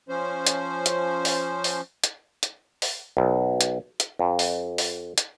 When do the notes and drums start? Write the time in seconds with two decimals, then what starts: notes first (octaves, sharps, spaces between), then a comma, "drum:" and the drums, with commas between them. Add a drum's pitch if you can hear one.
0.09 F3 C#4 C5
0.47 drum: hi-hat
0.86 drum: hi-hat
1.25 drum: open hi-hat
1.64 drum: open hi-hat
2.04 drum: hi-hat
2.43 drum: hi-hat
2.82 drum: open hi-hat
3.17 B1
3.61 drum: hi-hat
4.00 drum: hi-hat
4.19 F2
4.39 drum: open hi-hat
4.78 drum: open hi-hat
5.18 drum: hi-hat